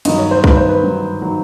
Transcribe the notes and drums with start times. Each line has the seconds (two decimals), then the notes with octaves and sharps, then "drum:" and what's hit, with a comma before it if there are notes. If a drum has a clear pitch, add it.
0.05 G2 D#3 F#3 D#5, drum: cymbal
0.18 C#5
0.31 C5
0.44 G2 D#3 F#3 B4, drum: kick
0.57 C5
0.69 B4
0.83 G2 D#3 F#3
1.22 D#3 F#3